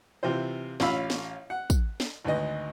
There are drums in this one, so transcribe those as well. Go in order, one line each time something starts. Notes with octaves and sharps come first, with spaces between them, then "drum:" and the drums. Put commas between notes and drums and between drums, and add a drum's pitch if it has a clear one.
C3 E3 F4 C5
A1 C#4 F4 F5 B5 E6, drum: snare
drum: snare
F#5
drum: kick, tambourine
drum: snare
G#1 D2 B4 D#5